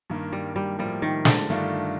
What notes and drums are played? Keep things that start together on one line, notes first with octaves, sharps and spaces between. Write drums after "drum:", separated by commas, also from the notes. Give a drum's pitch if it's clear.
G2 D#3 A#3
G3
G3
A2 F3 G3 A#3
D#3
D3, drum: snare
G2 D#3 A3 D4 F4